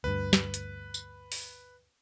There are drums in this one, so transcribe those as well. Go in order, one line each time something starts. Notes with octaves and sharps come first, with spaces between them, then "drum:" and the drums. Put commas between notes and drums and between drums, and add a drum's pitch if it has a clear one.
D2 G2 B4
drum: snare
drum: hi-hat
drum: tambourine
drum: open hi-hat